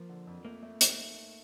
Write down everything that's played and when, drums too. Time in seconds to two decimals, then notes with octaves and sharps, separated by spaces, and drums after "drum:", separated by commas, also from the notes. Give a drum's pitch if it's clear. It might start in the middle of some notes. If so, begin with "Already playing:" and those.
Already playing: F3 A#3
0.09 D3
0.27 F2
0.45 A3 A#3
0.63 A3
0.81 D#4, drum: hi-hat